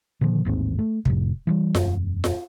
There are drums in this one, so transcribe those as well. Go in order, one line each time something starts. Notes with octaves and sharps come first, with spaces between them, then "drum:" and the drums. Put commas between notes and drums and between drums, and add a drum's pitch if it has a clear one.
A#2 D3 D#3 F3
A1 D#2 G#2 C4
A3
F2 A2 C3, drum: kick
E3 F3 G3
E1 F#2, drum: snare F4
drum: snare F4